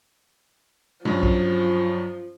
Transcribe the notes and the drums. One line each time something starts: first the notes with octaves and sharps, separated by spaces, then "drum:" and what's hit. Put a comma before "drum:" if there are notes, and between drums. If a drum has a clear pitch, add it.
G2 F3 F#3 C#4, drum: tom B2
drum: kick